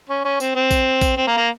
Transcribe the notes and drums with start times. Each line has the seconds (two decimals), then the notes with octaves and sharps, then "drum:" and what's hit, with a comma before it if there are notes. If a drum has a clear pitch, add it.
0.09 C#4
0.24 C#4
0.40 C4, drum: tambourine
0.55 C4
0.71 drum: kick A#1, tambourine
1.01 drum: kick A#1, tambourine
1.17 C4
1.27 A#3
1.37 A#3